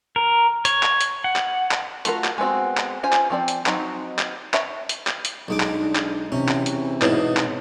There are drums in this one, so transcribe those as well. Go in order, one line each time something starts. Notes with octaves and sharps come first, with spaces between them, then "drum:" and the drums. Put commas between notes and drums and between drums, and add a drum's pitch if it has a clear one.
A#4
C#5, drum: hi-hat
drum: clap
drum: hi-hat
F#5
drum: clap
drum: clap
A3 F4 F#4 A#4, drum: hi-hat
drum: clap
G#3 B3 C4 F#4
drum: clap
C#4 F4 C5 G#5
drum: clap
F3 C4 D5
drum: hi-hat
F#3 C4 D#4, drum: clap
drum: clap
C#5 E5, drum: clap
drum: hi-hat
drum: clap
drum: hi-hat
B1 G#3 D4 D#4 D6
drum: clap
drum: clap
E2 C3 E3 C4 C#4
drum: clap
drum: hi-hat
G#2 B2 E4 B4 C#5, drum: clap
drum: clap